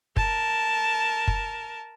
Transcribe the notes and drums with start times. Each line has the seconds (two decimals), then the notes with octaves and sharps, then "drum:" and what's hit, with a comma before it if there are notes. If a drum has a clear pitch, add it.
0.16 A#4 A5, drum: kick
1.28 drum: kick